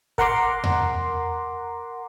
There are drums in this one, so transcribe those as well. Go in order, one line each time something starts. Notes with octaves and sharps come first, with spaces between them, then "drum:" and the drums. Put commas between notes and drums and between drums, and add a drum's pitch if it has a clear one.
A#4 F#5 A#5 C6 D6, drum: kick
drum: tom E2